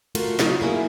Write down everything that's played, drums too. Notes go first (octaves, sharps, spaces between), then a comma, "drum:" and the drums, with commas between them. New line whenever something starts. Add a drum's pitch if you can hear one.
A3 F4 F#4 A#4, drum: cymbal
C#3 F#3 D#4 F#4 D#5 F5, drum: snare
A#3 E4 G#4